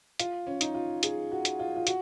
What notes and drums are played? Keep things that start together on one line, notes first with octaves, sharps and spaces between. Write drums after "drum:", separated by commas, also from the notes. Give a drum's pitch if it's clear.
F4, drum: hi-hat
C#4
D#4, drum: hi-hat
F4
G#4, drum: hi-hat
F#4
drum: hi-hat
F4
F4
F#4, drum: hi-hat